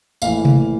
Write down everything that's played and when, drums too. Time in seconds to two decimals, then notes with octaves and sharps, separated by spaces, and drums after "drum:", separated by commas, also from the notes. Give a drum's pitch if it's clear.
0.22 A#1 A2 E3 F5, drum: tambourine
0.45 drum: tom C3